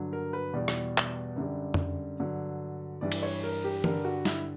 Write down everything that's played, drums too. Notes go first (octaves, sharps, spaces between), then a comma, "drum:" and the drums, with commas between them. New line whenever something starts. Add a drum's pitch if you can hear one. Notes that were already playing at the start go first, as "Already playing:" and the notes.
Already playing: G2 D3 F#3
A#4
B4
E2 B2 G3 D5
drum: rim click
drum: clap
F#2 D3 G3
drum: tom F2
G2 D3 F#3
G2 E3 G3 D5
drum: cymbal
C#5
A#4
G4
G2 D3 G3 A#4, drum: tom E3
F#4
E4, drum: snare